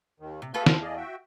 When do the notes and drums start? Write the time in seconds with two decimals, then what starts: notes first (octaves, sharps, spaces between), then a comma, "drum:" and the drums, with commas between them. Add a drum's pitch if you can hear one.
0.20 D#2 D#3
0.42 C3
0.54 F4 F#4 G#4 A4 B4 E5
0.66 E2 A#4 C5 F5 A#5, drum: snare
0.82 G#4 D5 D#5
0.96 F#4 E5 G5